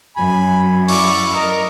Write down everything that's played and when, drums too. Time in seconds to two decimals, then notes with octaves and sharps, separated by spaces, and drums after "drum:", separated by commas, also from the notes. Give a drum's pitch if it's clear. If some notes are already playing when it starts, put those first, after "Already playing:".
0.17 F#2 G#5 B5
0.88 E4 D5 C#6, drum: open hi-hat
1.33 A#4 D#5